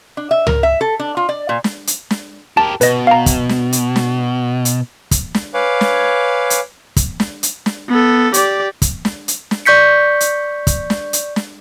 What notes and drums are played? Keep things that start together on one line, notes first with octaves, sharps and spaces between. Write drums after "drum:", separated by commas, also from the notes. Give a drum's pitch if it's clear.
D4
E5
A#4, drum: tom C#2
E5
A4
D4
F4
D5
A#2
drum: snare
drum: hi-hat
drum: snare
G4 A#4 A5
B2 B4 D#5, drum: hi-hat
F5 A#5
drum: kick, hi-hat
drum: snare
drum: hi-hat
drum: snare
drum: hi-hat
drum: kick, hi-hat
drum: snare
B4 C#5 F5 G#5 D6
drum: snare
drum: hi-hat
drum: kick, hi-hat
drum: snare
drum: hi-hat
drum: snare
B3 A4
G4 D5, drum: hi-hat
drum: kick, hi-hat
drum: snare
drum: hi-hat
drum: snare
D5 C#6 G6 B6 C#7
drum: hi-hat
drum: kick, hi-hat
drum: snare
drum: hi-hat
drum: snare